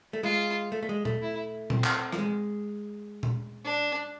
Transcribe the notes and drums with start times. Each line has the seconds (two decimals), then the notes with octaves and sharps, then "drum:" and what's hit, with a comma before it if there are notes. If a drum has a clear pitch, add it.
0.13 A3
0.23 G#3 F4
0.72 A3
0.83 A3
0.89 G#3
1.05 A3, drum: tom A#2
1.22 E4
1.70 C4, drum: tom A#2
1.84 drum: clap
2.12 F3, drum: rim click
2.18 G#3
3.23 drum: tom A#2
3.64 D4